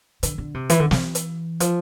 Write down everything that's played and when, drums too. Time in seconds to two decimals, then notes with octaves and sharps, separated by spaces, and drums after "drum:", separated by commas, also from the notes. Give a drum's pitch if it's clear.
0.23 D3, drum: hi-hat
0.38 D3
0.54 C3
0.70 E3, drum: hi-hat
0.80 D3
0.91 E3, drum: snare
1.15 drum: hi-hat
1.60 F3, drum: hi-hat